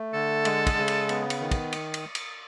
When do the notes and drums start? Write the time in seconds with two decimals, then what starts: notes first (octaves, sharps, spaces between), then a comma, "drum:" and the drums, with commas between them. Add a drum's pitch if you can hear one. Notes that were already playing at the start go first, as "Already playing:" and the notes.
Already playing: A3
0.13 D3 A4
0.45 G#3, drum: cymbal
0.67 drum: kick, cymbal
0.77 C#3
0.88 drum: cymbal
1.09 B3, drum: cymbal
1.30 drum: cymbal
1.40 D#3
1.51 drum: kick, cymbal
1.73 drum: cymbal
1.94 drum: cymbal
2.15 drum: cymbal